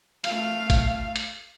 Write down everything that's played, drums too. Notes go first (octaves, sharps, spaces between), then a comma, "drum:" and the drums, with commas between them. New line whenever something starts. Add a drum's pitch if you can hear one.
A3 F5, drum: hi-hat
drum: kick, hi-hat
drum: hi-hat